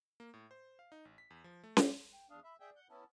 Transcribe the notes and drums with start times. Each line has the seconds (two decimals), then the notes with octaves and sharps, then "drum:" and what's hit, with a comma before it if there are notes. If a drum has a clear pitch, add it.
0.20 A#3
0.34 A2
0.51 C5
0.79 F5
0.92 D#4
1.05 A1
1.18 B6
1.30 E2
1.44 F3
1.63 A3
1.77 G4, drum: snare C#4
2.13 G5
2.30 E2 D4 F5 D#6
2.44 E5 B5
2.60 G#4 D5 E5 G5
2.76 F#5 G6
2.90 B3 C#4 E4 A5